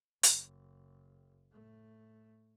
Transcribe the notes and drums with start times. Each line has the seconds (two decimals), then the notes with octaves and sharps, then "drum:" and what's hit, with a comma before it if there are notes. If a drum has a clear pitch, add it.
0.23 F#1, drum: hi-hat
1.52 A2 A3